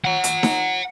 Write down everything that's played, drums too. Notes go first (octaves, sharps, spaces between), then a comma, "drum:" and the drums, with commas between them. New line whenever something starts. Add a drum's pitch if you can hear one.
F#5 A#5
drum: hi-hat
drum: snare D#4